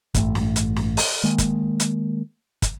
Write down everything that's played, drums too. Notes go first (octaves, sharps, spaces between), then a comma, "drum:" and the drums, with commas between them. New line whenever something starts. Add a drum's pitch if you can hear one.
A1 G2 A3, drum: kick, hi-hat
drum: snare
drum: hi-hat
drum: snare
drum: open hi-hat
D#3 G#3 A#3
drum: kick, hi-hat
drum: hi-hat
drum: kick, hi-hat